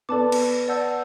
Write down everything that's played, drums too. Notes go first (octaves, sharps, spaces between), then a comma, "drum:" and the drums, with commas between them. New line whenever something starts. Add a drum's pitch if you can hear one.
B3 A4 D5 A5 D6
drum: cymbal
D5 F#5 A5 E6 G6